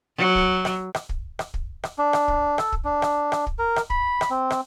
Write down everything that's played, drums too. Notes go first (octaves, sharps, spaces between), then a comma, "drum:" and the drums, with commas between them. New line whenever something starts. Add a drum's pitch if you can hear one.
F#3
drum: kick
drum: rim click
drum: rim click
drum: kick
drum: rim click
drum: kick
drum: rim click
D4
drum: rim click
drum: kick
A4, drum: rim click
drum: kick
D4
drum: rim click
drum: rim click
drum: kick
A#4
drum: rim click
B5, drum: kick
drum: rim click
C4
drum: rim click